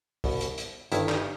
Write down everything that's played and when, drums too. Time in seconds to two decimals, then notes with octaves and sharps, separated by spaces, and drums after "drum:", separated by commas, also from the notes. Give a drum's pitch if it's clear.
0.24 C2 B2, drum: kick, open hi-hat
0.41 drum: hi-hat
0.58 drum: hi-hat
0.92 G1 G2 D#3 E4, drum: hi-hat
1.09 D#4, drum: clap